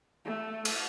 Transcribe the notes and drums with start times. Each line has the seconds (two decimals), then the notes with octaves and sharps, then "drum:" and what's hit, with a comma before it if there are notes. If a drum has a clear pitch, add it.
0.25 A3
0.65 drum: cymbal